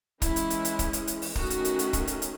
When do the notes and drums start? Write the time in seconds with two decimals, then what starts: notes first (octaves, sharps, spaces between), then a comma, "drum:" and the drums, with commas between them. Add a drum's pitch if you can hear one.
0.22 E3 G#3 C#4 E4, drum: kick, hi-hat
0.36 drum: hi-hat
0.50 drum: hi-hat
0.65 drum: hi-hat
0.79 drum: kick, hi-hat
0.93 drum: hi-hat
1.07 drum: hi-hat
1.22 drum: open hi-hat
1.35 D#3 A3 C#4 F#4, drum: kick
1.50 drum: hi-hat
1.65 drum: hi-hat
1.79 drum: hi-hat
1.93 drum: kick, hi-hat
2.07 drum: hi-hat
2.22 drum: hi-hat